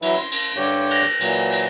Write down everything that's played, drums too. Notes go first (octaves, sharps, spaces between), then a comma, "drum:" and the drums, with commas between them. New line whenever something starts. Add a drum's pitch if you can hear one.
E3 F#3 E4, drum: cymbal
C6
drum: cymbal
G2 D3 G4 C#5 G6
drum: cymbal
A#2 E3 F#3, drum: cymbal
drum: cymbal